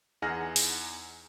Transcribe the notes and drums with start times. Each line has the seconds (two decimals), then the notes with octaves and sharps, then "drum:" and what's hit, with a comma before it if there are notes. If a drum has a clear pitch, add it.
0.22 E2 D#4 G#4 F#5 F6 A#6
0.56 drum: open hi-hat